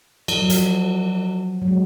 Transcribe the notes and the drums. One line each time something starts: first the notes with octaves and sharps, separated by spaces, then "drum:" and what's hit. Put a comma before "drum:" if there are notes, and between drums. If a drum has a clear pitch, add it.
F3, drum: cymbal
F#3
F3, drum: hi-hat
F#3
G#3